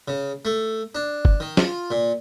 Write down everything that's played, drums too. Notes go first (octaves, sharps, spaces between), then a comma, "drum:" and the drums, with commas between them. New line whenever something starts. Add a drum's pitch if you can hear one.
C#3
A3
D4
drum: kick
D#3
F4, drum: snare
A#2